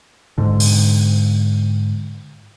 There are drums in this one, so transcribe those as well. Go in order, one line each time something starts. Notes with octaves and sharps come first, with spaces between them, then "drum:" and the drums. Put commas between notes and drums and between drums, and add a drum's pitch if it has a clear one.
G#2 D3
drum: open hi-hat